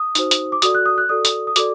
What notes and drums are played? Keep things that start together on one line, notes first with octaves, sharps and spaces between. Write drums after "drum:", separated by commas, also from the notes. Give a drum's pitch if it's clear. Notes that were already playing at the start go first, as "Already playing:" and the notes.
Already playing: D#6
D#4 F#4 C5, drum: hi-hat
drum: hi-hat
D6
F#4 A4 D5 D#6, drum: hi-hat
F#6
D#6
F#6
F#4 A4 D5 D#6
drum: hi-hat
D#6
F#4 A4 D5 D6, drum: hi-hat